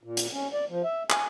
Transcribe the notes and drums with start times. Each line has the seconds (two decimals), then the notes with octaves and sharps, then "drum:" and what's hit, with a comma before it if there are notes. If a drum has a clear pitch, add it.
0.03 A#2
0.17 drum: hi-hat
0.33 C#4
0.53 D5
0.69 F3
0.84 E5
1.10 G#5, drum: clap